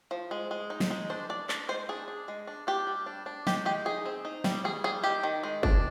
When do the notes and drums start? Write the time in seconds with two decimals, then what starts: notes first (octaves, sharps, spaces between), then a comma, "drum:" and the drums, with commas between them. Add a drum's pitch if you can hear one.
0.11 F3
0.31 G#3
0.51 G#3
0.70 D#4
0.80 drum: snare
0.90 G#3
1.10 D4 C5
1.29 D4 D5
1.49 D4 D5, drum: clap
1.69 G#3 C5
1.89 D4 G#4
2.08 D4
2.28 G#3
2.47 D4
2.67 D4 G4
2.87 G3
3.06 D4
3.26 D4
3.47 G#3 G4, drum: snare
3.65 G#3 G4
3.86 D#4 G#4
4.05 C4
4.25 D#4
4.44 G3, drum: snare
4.64 G3 G#4
4.84 G3 G#4
5.04 D#3 G4
5.23 D#3
5.43 G#3
5.63 D4, drum: kick